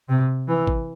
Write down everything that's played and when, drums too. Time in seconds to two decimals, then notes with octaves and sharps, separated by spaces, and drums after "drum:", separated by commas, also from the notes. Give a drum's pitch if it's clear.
0.09 C3
0.48 E3
0.67 drum: kick G#1